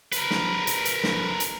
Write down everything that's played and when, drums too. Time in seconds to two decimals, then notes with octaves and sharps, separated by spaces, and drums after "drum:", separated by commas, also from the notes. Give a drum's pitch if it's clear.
0.12 A#4 B4, drum: hi-hat
0.31 drum: snare
0.67 drum: hi-hat
0.85 drum: hi-hat
1.04 drum: snare
1.40 drum: hi-hat